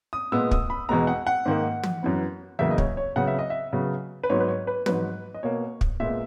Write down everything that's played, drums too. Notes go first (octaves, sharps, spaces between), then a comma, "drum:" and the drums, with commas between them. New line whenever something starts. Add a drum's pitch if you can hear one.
D#6
A#2 G#3 B3 E6
D#6, drum: kick
B5
E2 B2 G#3 B3 A#5
F#5
F#5
G#2 D#3 A#3
drum: tom
F#2 E3 B3
E2 C#3 F#3 A#3 E5
D#5
C#5, drum: kick
C#5
C#3 F#3 B3 F#5
E5
D#5
E5
C#3 F#3 B3
B4
G#2 F#3 B3 C#5
B4
C#5
B4
G#2 F#3 B3 B4, drum: tom
D#5
B2 A#3 C#5
drum: kick
A#2 G#3 B3 E5